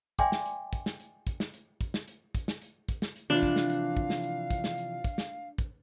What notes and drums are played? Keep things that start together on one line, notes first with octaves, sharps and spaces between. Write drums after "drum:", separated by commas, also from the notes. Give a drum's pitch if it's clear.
D5 E5 G5 G#5 C6 D6, drum: kick, hi-hat
drum: snare
drum: hi-hat
drum: kick, hi-hat
drum: snare
drum: hi-hat
drum: kick, hi-hat
drum: snare
drum: hi-hat
drum: kick, hi-hat
drum: snare
drum: hi-hat
drum: kick, hi-hat
drum: snare
drum: hi-hat
drum: kick, hi-hat
drum: snare
drum: hi-hat
C3 E3 F3 D4 F5
drum: kick, hi-hat
drum: snare
drum: hi-hat
drum: kick
drum: snare
drum: hi-hat
drum: kick, hi-hat
drum: snare
drum: hi-hat
drum: kick, hi-hat
drum: snare
drum: kick, hi-hat